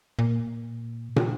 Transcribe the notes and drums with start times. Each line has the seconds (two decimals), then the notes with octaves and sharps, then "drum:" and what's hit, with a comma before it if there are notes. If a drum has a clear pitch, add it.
0.19 A#2
1.16 drum: tom